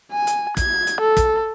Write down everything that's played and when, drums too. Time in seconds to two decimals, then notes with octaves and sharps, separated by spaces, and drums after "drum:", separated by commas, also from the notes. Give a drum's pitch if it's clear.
0.12 G#5
0.27 drum: hi-hat
0.57 G#6, drum: kick, hi-hat
0.87 drum: hi-hat
1.01 A4
1.17 drum: kick, hi-hat